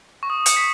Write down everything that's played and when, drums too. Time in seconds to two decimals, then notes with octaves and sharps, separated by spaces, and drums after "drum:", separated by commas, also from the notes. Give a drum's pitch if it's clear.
0.23 C#6
0.30 D#6
0.46 C#7, drum: hi-hat
0.57 B6